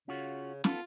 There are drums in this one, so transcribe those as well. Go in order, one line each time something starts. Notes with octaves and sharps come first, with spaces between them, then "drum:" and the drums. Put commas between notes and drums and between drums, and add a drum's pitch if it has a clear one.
C#3 C#4 F4 F#4
B3 F4 A4, drum: snare